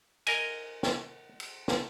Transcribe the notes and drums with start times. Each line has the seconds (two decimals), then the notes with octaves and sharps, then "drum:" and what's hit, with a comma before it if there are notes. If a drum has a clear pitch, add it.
0.27 A#4 D#5 G#5, drum: cymbal
0.83 drum: snare
1.40 drum: cymbal
1.68 drum: snare